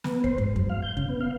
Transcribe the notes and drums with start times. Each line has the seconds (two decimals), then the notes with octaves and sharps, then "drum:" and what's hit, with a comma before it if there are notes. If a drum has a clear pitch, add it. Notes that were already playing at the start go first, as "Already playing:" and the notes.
0.04 B3, drum: snare
0.24 C5, drum: kick
0.38 G#2, drum: kick
0.56 F#2, drum: kick
0.69 F5
0.82 G6
0.97 C#3, drum: kick
1.09 B3
1.21 F5